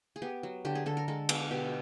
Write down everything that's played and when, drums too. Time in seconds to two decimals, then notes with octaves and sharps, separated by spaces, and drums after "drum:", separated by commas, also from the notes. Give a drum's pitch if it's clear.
0.16 G#4
0.22 B3 G4
0.43 F#3
0.65 D3 G4
0.75 G#4
0.86 D3 A4
0.97 A#4
1.08 G#3 A4
1.29 B3, drum: cymbal
1.51 B2 G4